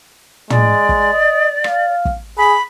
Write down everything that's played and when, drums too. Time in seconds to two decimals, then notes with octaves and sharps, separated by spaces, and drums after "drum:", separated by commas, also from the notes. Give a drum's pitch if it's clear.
0.50 G#3 D5, drum: tom
0.89 drum: kick
1.13 D#5
1.64 F5, drum: rim click
2.05 drum: kick
2.38 G#4 B5